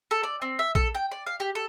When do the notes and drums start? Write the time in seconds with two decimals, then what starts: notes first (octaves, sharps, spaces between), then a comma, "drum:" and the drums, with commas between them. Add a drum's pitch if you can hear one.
0.11 A4
0.23 D5
0.42 C4
0.59 E5
0.75 A4, drum: kick A#1
0.95 G5
1.11 D5
1.26 F5
1.40 G4
1.55 A4